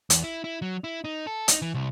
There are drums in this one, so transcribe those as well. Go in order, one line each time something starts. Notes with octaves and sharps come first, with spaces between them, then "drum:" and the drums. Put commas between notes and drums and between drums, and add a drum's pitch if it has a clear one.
E2, drum: hi-hat
E4
E4
F#3
E4
D#4
A4
D#4, drum: hi-hat
E3
C2